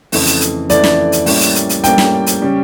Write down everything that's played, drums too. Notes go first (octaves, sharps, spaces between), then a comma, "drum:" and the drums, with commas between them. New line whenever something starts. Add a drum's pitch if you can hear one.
F2 C#3 E3 A3, drum: open hi-hat
drum: hi-hat
drum: hi-hat
F2 C#3 E3 A3 D5, drum: hi-hat
drum: snare
drum: hi-hat
A2 G3 A#3 C#4, drum: open hi-hat
drum: hi-hat
drum: hi-hat
drum: hi-hat
A2 G3 A#3 C#4 G5, drum: hi-hat
drum: snare
drum: hi-hat
C#3 G3 C#4